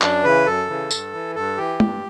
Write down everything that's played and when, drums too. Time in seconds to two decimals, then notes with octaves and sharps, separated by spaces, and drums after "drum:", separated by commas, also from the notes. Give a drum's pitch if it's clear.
0.02 F#2 D4, drum: clap
0.24 C#3 E3 B4
0.46 F#2 A4
0.68 C#3 E3
0.91 G2, drum: tambourine
1.13 E3
1.35 G2 A4
1.58 E3 G4
1.80 G2, drum: tom